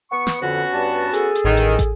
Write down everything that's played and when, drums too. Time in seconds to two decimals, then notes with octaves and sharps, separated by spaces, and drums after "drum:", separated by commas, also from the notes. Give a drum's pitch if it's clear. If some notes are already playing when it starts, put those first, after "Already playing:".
0.11 B3 C#6
0.27 drum: snare
0.42 F2 D3 B3 C#4 F#4
0.73 G2 G3 A5
1.14 G#4 A4, drum: hi-hat
1.35 drum: hi-hat
1.45 A1 D#3
1.57 drum: hi-hat
1.79 drum: kick, hi-hat